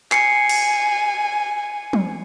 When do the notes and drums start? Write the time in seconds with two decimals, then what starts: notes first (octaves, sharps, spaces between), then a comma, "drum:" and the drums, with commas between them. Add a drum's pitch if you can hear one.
0.12 G#5 C7 C#7, drum: clap
0.49 drum: cymbal
1.93 drum: tom